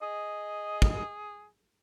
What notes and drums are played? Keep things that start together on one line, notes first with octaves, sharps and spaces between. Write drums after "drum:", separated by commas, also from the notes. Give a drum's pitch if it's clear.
G#4 D#5
drum: kick